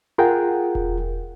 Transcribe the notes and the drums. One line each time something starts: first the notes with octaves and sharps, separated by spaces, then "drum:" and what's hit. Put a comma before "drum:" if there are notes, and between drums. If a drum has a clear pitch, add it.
F4 G#4 A#4 F#5 G5
drum: kick E1